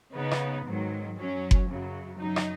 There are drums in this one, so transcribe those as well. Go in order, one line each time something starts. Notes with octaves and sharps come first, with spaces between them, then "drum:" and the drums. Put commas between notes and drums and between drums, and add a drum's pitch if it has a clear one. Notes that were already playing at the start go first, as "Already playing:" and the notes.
C#3 B3 D#4
drum: rim click
G#2 D#3 F#3
F#2 F#3 C#4
drum: kick F#1
F#2 C#3 F#3
F#2 F#3 D#4
drum: rim click